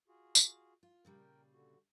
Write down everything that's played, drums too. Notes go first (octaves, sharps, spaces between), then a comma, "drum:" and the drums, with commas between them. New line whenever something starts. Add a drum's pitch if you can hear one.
F4 F#4 G#4
drum: tambourine
F4
A#2 C#3 G3 A#4 G5
D3 F#4